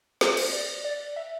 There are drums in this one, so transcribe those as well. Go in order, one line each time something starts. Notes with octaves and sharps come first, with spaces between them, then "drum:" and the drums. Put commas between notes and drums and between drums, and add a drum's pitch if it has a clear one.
C5, drum: snare
C5, drum: cymbal
D5
D5
E5